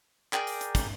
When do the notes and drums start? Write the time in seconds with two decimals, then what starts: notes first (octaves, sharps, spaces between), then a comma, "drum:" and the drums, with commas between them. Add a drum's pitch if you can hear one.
0.33 G#4 A#4 D5 G5, drum: clap
0.47 drum: open hi-hat
0.61 drum: hi-hat
0.75 drum: kick, hi-hat